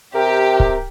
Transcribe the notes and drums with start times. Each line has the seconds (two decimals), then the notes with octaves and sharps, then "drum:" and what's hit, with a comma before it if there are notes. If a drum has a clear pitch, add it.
0.15 C3 G4 A#4
0.60 drum: kick C#1